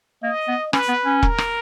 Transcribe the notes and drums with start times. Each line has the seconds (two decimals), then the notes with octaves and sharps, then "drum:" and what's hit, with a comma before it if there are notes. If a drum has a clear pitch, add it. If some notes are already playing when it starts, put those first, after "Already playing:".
0.23 A#3 D#5
0.48 B3
0.73 C#4 B4, drum: rim click
0.89 B3
1.06 C#4
1.23 A#4, drum: kick E1
1.38 drum: rim click